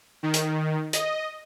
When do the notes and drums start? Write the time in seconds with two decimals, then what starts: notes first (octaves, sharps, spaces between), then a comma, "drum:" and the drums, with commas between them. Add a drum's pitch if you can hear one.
0.23 D#3
0.34 drum: hi-hat
0.93 D#5, drum: hi-hat